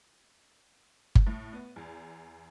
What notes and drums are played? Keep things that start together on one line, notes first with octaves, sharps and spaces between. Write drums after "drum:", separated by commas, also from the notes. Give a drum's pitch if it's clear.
drum: kick G1
A2
B3
E2